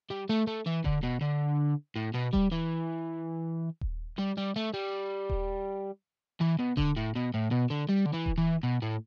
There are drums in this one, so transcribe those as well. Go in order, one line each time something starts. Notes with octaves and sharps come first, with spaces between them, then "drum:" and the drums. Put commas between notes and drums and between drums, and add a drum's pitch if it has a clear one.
G3
A3
A3
E3
D3, drum: kick D#1
B2
D3
A2
B2
G3, drum: kick D#1
E3
drum: kick D#1
G3
G3
A3
G3
drum: kick D#1
E3
B2
D3, drum: kick D#1
A2
B2
A2
B2
D3
G3
D3
E3
drum: kick D#1
E3
B2
A2